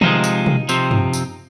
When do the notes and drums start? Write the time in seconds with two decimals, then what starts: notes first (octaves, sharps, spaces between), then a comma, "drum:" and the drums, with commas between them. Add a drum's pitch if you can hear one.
0.01 C3 F3 G#3 D#4, drum: tom
0.24 drum: tambourine
0.46 drum: tom
0.69 C3 F3 C4, drum: tambourine
0.91 drum: tom
1.13 drum: tambourine